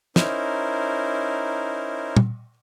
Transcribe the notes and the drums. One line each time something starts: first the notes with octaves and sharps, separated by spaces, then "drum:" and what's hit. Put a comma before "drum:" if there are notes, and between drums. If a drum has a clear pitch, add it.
C#4 D#4 E4 A#4 C5, drum: snare
drum: tom